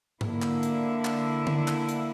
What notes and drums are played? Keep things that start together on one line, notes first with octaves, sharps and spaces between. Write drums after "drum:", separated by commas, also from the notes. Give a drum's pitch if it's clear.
D3 A#3 E4, drum: tom G#2
drum: clap
drum: hi-hat
drum: clap
drum: tom D3
drum: clap
drum: hi-hat